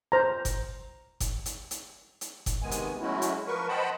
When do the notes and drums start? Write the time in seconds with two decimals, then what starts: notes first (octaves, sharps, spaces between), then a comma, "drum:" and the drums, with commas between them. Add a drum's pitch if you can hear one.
0.12 C5 A#5
0.45 drum: kick F#1, hi-hat
1.20 drum: kick F#1, hi-hat
1.46 drum: hi-hat
1.71 drum: hi-hat
2.21 drum: hi-hat
2.46 drum: kick F#1, hi-hat
2.62 C3 D#3 G#3 B3 G#5
2.71 drum: hi-hat
3.01 F#3 G#3 A3 C#4 E4 F#4
3.22 drum: hi-hat
3.47 F3 A#4 B4 C#6
3.68 C5 D#5 F#5 G5 A5 B5